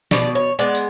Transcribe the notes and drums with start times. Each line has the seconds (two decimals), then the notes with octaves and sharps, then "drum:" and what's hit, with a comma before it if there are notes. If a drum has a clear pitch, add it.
0.11 B2 D5, drum: snare
0.35 C#5
0.59 G#3 B3 D5
0.75 drum: tambourine